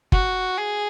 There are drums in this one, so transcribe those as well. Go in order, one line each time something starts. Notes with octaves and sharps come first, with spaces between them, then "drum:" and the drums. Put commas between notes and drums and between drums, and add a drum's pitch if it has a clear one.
F#4, drum: kick
G#4